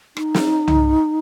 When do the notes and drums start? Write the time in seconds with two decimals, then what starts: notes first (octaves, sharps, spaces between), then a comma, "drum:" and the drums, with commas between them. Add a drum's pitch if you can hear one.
0.17 D#4, drum: rim click
0.35 drum: snare
0.68 drum: tom C2